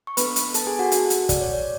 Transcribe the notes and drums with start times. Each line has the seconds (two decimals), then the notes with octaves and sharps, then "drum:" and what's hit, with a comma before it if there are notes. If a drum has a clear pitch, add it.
0.07 C#6
0.17 B3 D4 A4 B4 B5, drum: hi-hat
0.36 drum: hi-hat
0.54 A4 A5, drum: hi-hat
0.67 G#4 G#5
0.79 F#4 F#5
0.92 drum: hi-hat
1.10 drum: hi-hat
1.29 D5, drum: kick, hi-hat
1.41 C#5
1.53 D5